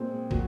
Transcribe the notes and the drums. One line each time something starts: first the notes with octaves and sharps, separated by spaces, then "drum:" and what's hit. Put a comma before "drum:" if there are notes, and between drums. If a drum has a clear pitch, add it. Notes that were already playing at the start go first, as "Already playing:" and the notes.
Already playing: A#2 G#3 C4 G#4
A#2 F#3, drum: kick